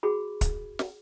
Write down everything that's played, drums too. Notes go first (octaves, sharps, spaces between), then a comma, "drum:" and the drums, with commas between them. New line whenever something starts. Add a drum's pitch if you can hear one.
F#4 G#4 B5
drum: kick, hi-hat
drum: snare